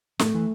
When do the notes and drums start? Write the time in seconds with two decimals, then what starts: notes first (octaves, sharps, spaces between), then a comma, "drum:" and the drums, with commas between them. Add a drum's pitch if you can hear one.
0.19 A2 A3, drum: snare
0.34 E3